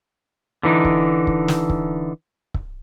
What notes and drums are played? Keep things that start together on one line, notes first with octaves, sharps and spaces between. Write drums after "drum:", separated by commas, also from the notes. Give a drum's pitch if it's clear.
D3 E3 D#4
drum: kick C#1
drum: kick C#1
drum: snare
drum: kick C#1
drum: kick C#1